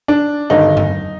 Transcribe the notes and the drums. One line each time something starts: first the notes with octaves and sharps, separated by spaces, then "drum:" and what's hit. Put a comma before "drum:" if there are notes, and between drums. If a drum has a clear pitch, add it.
D4
G#1 G2 D3 D#4
drum: tom G2